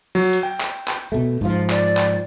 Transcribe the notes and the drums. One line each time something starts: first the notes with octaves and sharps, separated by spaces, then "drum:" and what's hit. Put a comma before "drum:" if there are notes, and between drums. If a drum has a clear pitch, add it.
F#3
drum: cymbal
G5
drum: clap
drum: clap
B2 A3
G#2 F3 F4
D5, drum: clap
drum: clap